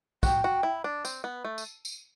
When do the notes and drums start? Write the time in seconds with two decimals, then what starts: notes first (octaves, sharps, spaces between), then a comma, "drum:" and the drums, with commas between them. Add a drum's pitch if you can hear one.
0.23 F#4 G5, drum: kick, tambourine
0.44 F#4
0.63 E4
0.84 D4
1.05 C4, drum: tambourine
1.24 B3
1.45 A3
1.58 drum: tambourine
1.85 drum: tambourine